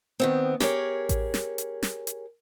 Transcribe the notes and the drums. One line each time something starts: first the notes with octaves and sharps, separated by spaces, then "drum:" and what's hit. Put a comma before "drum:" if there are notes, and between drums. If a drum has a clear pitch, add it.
D#3 B3 C4
G4 G#4 A#4 C#5, drum: snare
drum: kick A1, hi-hat
drum: snare
drum: hi-hat
drum: snare
drum: hi-hat